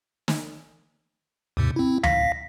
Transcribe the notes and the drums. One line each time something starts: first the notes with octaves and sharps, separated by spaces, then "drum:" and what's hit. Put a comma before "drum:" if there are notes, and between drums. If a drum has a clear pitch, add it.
drum: snare
D#2 G#2 C3
C4 E4
F5 A#6 B6, drum: tom D2